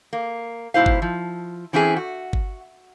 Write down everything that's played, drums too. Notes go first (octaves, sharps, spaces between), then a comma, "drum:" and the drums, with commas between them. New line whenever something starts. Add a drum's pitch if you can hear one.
A#3
G#2 B2 E4 C5 F5
drum: kick G1
F3
E3 C4 C#4 E4 G#4
F#4
drum: kick G1